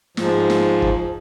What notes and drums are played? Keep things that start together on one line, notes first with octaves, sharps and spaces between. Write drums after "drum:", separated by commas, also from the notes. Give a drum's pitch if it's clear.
G#2 F3, drum: snare
drum: snare
drum: kick